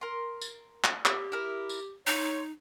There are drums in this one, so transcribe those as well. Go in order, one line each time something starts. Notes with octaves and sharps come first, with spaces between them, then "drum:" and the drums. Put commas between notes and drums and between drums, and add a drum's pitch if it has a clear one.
A#4 C6
drum: tambourine
drum: clap
G4, drum: clap
E4 A#4
drum: tambourine
D#4 C#5 C6